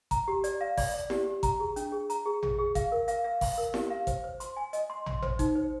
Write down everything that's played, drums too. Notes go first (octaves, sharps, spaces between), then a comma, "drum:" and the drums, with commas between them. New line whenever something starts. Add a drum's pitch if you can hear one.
A#5, drum: kick G#1, hi-hat
G4
D5, drum: hi-hat
F5
D5, drum: kick G#1, open hi-hat
D5
G4, drum: snare E4
G4
A#5, drum: kick G#1, hi-hat
G#4
D4, drum: hi-hat
G#4
A#5, drum: hi-hat
G#4
G#4, drum: tom
G#4
F5, drum: kick G#1, hi-hat
A#4
F5, drum: hi-hat
F5
F5, drum: kick G#1, open hi-hat
A#4
G4, drum: snare E4
F5
C5, drum: kick G#1, hi-hat
C5
C6, drum: hi-hat
G#5
D#5, drum: hi-hat
C6
C6, drum: tom
C5, drum: tom
D#4, drum: kick G#1, hi-hat
C5